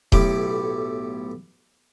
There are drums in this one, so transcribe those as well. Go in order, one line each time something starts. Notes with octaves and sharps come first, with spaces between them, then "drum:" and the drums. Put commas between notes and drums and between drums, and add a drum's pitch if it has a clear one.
B1 A2 E4 G4 D6, drum: kick D#1